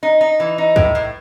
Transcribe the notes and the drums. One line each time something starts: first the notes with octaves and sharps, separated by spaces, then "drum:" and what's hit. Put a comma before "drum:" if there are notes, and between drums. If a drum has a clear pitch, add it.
D#4
D#4
E3
D#4
A2, drum: kick
A2